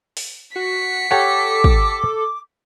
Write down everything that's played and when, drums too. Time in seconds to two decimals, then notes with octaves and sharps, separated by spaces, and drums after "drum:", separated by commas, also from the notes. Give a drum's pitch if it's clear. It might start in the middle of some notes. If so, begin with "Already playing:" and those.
0.17 drum: open hi-hat
0.56 F#4 B6 C#7
1.11 G4 A4 C#5 F#5 D6
1.64 drum: kick